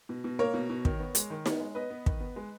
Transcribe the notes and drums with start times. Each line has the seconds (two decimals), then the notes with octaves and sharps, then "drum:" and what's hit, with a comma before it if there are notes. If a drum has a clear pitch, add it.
0.09 B2
0.24 B2
0.39 A#3 A#4 C#5
0.54 B2
0.70 B2
0.85 D#3, drum: kick
0.99 B3
1.15 G#3, drum: hi-hat
1.30 D#3
1.46 B3, drum: snare D#4
1.60 G#3
1.75 B3 B4 D#5
1.90 B3
2.06 D#3, drum: kick
2.20 B3
2.36 G#3